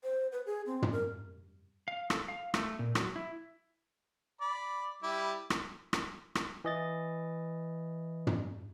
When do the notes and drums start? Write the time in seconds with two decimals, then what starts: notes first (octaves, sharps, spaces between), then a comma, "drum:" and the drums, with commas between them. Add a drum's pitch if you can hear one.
0.04 C5
0.32 B4
0.46 G#4
0.66 C4
0.82 drum: tom
0.92 A#4
1.88 F5
2.10 A4, drum: rim click
2.28 F5
2.54 A3, drum: rim click
2.79 A#2
2.95 F#3, drum: rim click
3.16 E4
4.41 D5 B5
5.03 G3 E4 D6
5.50 drum: rim click
5.93 drum: rim click
6.35 drum: rim click
6.64 E3 D#5 A6
8.27 drum: tom